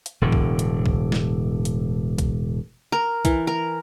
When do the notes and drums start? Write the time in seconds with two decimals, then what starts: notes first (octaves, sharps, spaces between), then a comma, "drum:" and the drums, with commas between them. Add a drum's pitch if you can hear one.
0.06 drum: hi-hat
0.21 E1 A2 D3
0.32 drum: kick B1
0.59 drum: hi-hat
0.86 drum: kick B1
1.12 drum: snare
1.65 drum: hi-hat
2.18 drum: kick B1, hi-hat
2.92 A#4
3.25 E3, drum: kick B1, hi-hat
3.47 A#4